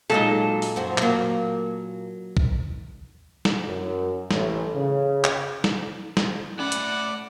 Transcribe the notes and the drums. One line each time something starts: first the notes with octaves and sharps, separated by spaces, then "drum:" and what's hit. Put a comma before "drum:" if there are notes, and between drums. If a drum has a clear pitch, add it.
A#2 F#3 G#3 D#4 A4
drum: open hi-hat
F#2 F3 F#4
F#3 A#3, drum: clap
drum: kick
drum: snare
F#2
A1, drum: snare
C#3
drum: clap
drum: snare
drum: snare
A3 C#4 D5 F#5 B5 D6
drum: hi-hat